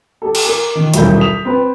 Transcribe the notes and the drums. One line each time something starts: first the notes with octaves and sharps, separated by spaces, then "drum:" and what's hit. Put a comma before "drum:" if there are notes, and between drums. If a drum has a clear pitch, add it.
G4 A4
drum: cymbal
A#4
D#3
D#1 B1 G2 E4 A#4 G6, drum: hi-hat
D#6 B6 F7
C4 B4